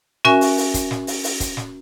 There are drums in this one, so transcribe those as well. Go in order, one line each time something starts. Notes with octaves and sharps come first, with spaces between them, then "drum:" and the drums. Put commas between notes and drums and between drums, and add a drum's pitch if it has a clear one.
C#4 F#4 A#4 E5 G#5 C#6, drum: snare
drum: open hi-hat
drum: open hi-hat
drum: kick, hi-hat
drum: snare
drum: open hi-hat
drum: open hi-hat
drum: kick, hi-hat
drum: snare